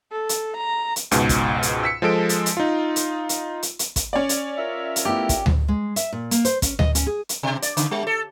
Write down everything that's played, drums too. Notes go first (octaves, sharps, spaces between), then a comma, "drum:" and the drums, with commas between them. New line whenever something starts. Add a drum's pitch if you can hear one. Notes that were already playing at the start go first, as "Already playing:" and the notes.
A4
drum: hi-hat
A#5
drum: hi-hat
C#2 G#2 B2, drum: hi-hat
drum: kick, hi-hat
drum: hi-hat
E6 B6 C#7
F3 G#3 A4 D7
drum: hi-hat
drum: hi-hat
D#4 F4
drum: hi-hat
drum: hi-hat
drum: hi-hat
drum: hi-hat
drum: kick, hi-hat
C#4 D5
drum: hi-hat
F4 A#4 E5
drum: hi-hat
A3 B3 E4 G4
drum: kick, hi-hat
drum: tom D2
G#3
E5, drum: hi-hat
A#2
A#3, drum: hi-hat
C5, drum: hi-hat
C#4, drum: kick, hi-hat
D#5, drum: tom D2
C#4, drum: hi-hat
G#4
drum: hi-hat
B2
D5, drum: hi-hat
C#3, drum: hi-hat
G3
A4